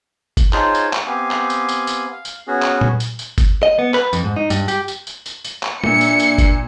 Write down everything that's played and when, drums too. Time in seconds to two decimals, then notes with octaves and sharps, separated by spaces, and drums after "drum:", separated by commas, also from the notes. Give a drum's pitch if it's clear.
0.37 drum: kick F#1, tambourine
0.53 D#4 F4 G#4 C5 C#5 A5, drum: clap
0.75 drum: tambourine
0.93 drum: clap
1.07 B3 C4 G4 F5 G#5
1.31 drum: clap
1.50 drum: tambourine
1.69 drum: tambourine
1.87 drum: tambourine
2.12 F5
2.25 drum: tambourine
2.47 B3 C#4 F#4 G#4
2.63 drum: clap
2.81 drum: tom A#2
3.00 drum: tambourine
3.19 drum: tambourine
3.38 drum: kick F#1, tambourine
3.63 D#5
3.79 B3
3.94 B4, drum: clap
4.13 F2, drum: tambourine
4.24 G#2
4.36 D#4
4.50 G2, drum: tambourine
4.68 G4, drum: tambourine
4.88 drum: tambourine
5.07 drum: tambourine
5.26 drum: tambourine
5.44 drum: tambourine
5.63 drum: clap
5.84 A#2 D4 E5 C#7, drum: tom
6.01 drum: tambourine
6.20 drum: tambourine
6.38 drum: kick F#1, tambourine